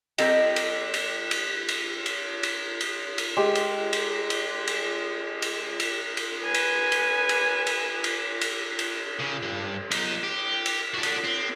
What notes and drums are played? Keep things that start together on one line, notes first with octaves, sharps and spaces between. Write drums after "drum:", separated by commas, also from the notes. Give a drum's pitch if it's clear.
G3 C4 A4 A#4 D#5 G5, drum: cymbal
drum: cymbal
drum: cymbal
drum: cymbal
drum: cymbal
drum: cymbal
drum: cymbal
drum: cymbal
drum: cymbal
G#3 G4
drum: cymbal
drum: cymbal
drum: cymbal
drum: cymbal
drum: cymbal
drum: cymbal
drum: cymbal
B4 G#5
drum: cymbal
drum: cymbal
drum: cymbal
drum: cymbal
drum: cymbal
drum: cymbal
drum: cymbal
C#3
G2
B1 D#4, drum: cymbal
G4
drum: cymbal
D4 F#4
drum: cymbal
C4